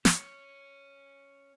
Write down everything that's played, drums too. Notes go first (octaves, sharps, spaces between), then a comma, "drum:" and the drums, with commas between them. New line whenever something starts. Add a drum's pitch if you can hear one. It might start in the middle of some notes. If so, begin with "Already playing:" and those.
C#4 C#5, drum: snare